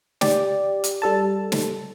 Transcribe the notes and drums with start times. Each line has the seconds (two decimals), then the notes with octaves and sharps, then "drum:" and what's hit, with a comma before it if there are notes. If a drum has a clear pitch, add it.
0.21 G4 D5, drum: snare
0.84 drum: hi-hat
1.02 G3 A4 A5
1.52 drum: snare